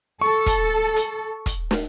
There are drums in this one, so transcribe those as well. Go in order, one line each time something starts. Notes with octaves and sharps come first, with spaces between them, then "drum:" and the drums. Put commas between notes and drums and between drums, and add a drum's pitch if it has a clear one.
A4 C#6
drum: kick, hi-hat
drum: hi-hat
drum: kick, hi-hat
drum: snare